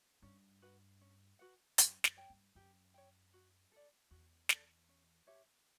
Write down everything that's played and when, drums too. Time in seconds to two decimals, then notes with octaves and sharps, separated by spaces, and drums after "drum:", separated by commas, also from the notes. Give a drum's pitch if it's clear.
0.22 G2 C#4
0.62 F#4 B4 F#5
1.01 C#4
1.39 F#4 B4 F#5
1.78 F#2 G4, drum: hi-hat
2.04 F#2, drum: snare
2.17 C#5 G5
2.30 G2
2.55 F#2 G4
2.94 C#5 G5
3.33 F#4
3.72 A4 D5
4.11 E2 F#4
4.49 A4 D5, drum: snare
4.89 C#4
5.27 G4 C#5 E5